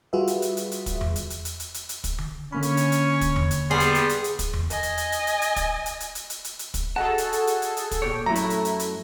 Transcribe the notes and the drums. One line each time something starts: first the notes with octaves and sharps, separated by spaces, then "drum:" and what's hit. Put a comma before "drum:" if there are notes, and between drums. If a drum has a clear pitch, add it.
G3 F4 F#4 G#4 B4 E5
drum: hi-hat
drum: hi-hat
drum: hi-hat
drum: hi-hat
drum: kick, hi-hat
drum: tom E2
drum: hi-hat
drum: hi-hat
drum: hi-hat
drum: hi-hat
drum: hi-hat
drum: hi-hat
drum: kick, hi-hat
drum: tom D3
D3 A#3 C#4 C#5 B5
drum: hi-hat
drum: hi-hat
drum: hi-hat
drum: kick, hi-hat
drum: tom E2
drum: hi-hat
G3 B3 G#4 C6
drum: hi-hat
drum: hi-hat
drum: hi-hat
drum: hi-hat
drum: kick, hi-hat
drum: tom E2
D#5 G#5, drum: hi-hat
drum: hi-hat
drum: hi-hat
drum: hi-hat
drum: hi-hat
drum: hi-hat
drum: kick, hi-hat
drum: hi-hat
drum: hi-hat
drum: hi-hat
drum: hi-hat
drum: hi-hat
drum: hi-hat
drum: kick, hi-hat
F#4 G#4 A4 D#5 F#5 A5
drum: hi-hat
drum: hi-hat
drum: hi-hat
drum: hi-hat
drum: hi-hat
drum: kick, hi-hat
A#2 G4 C#5
F#2 F#3 A3 E4 A#5
drum: hi-hat
drum: hi-hat
drum: hi-hat
drum: hi-hat